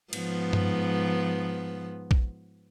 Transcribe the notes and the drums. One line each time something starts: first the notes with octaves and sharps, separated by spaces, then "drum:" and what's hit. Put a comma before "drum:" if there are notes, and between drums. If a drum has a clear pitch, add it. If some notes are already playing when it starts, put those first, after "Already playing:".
G#2 F3 B3, drum: cymbal
drum: tom G2
drum: kick A#1